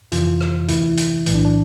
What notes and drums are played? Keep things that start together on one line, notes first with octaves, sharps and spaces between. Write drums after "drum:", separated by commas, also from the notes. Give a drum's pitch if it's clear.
F2 C3 E3 F4, drum: hi-hat
drum: rim click
D2 C3 E3 E4, drum: hi-hat
drum: hi-hat
B1 A2 E3, drum: hi-hat
D4
D4